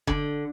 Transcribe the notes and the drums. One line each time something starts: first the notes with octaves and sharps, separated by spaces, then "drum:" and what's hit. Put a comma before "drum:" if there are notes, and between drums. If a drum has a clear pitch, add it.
D3, drum: kick F#1